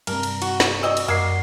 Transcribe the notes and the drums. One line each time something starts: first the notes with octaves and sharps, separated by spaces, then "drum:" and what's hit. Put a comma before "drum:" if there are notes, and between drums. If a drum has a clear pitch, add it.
G2 C3 A#4, drum: cymbal
drum: cymbal
F#4, drum: cymbal
drum: snare
C4 D5 D#5 E6
drum: cymbal
F#2 A#3 D#5 F#5 C7